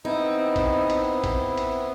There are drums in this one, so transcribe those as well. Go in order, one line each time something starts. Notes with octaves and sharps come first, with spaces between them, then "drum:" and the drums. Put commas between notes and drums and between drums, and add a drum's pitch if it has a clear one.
B3 C4 D#4 E4
drum: kick A1, cymbal
drum: cymbal
drum: kick A1, cymbal
drum: cymbal